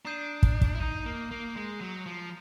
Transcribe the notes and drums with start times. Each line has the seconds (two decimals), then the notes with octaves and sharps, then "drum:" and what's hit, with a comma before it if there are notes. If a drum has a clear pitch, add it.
0.05 D4 A#5 D#6 G6 C7 D#7
0.43 drum: kick
0.61 drum: kick
0.75 E4
0.80 D#4 A#5 D#6 G6 C7 D#7
1.06 A#3
1.31 A#3
1.56 G#3 G6 A#6 D#7
1.81 F#3
2.06 F3